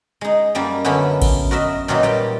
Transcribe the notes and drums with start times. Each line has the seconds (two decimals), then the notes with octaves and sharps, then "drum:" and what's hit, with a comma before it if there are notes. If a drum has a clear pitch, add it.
0.21 G#3 D#4
0.55 F#2 G3 A#3
0.85 F#2 D3 B3 C#4 E4 B5
1.22 drum: kick A1, cymbal
1.51 F#4 A#4 D#5 E5
1.88 A#2 D#3 E3 F#3 D#4 F4
2.03 G3 G4 G5